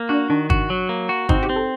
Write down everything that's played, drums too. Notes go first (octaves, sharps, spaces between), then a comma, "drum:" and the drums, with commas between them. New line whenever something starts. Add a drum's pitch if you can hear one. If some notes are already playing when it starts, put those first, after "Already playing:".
Already playing: A#3
D4 F#4
D#3 D4
F#4, drum: kick
F#3
A#3
F#4
C4 D#4, drum: kick
G4
C4
A4